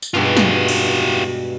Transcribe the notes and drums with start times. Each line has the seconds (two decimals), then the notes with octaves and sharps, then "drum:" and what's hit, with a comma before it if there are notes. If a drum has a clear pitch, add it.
0.02 drum: tambourine
0.14 G2 B2 G#3 F4 G4
0.37 drum: snare
0.68 drum: cymbal